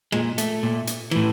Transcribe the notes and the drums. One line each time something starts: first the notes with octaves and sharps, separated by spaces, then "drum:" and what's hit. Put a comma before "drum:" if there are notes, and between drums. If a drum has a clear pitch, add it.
A#2 G#3, drum: rim click
A3, drum: hi-hat
A#2
drum: hi-hat
A2 E3, drum: rim click